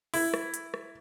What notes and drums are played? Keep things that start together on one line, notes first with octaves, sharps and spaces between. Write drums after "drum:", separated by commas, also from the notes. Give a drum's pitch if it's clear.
E4, drum: open hi-hat
drum: rim click
drum: hi-hat
drum: rim click